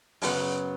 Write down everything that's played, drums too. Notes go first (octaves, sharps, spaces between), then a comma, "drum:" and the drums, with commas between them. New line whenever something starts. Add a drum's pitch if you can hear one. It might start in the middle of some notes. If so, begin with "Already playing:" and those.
F#2 C#3 F#3 B3, drum: open hi-hat